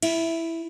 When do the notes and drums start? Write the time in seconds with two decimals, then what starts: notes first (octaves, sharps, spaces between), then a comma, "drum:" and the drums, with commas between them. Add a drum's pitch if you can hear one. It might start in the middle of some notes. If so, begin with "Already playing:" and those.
0.02 E4, drum: cymbal